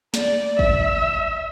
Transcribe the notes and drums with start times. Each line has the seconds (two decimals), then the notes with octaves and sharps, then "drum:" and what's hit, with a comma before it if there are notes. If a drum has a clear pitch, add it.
0.14 D5, drum: snare
0.59 E5, drum: kick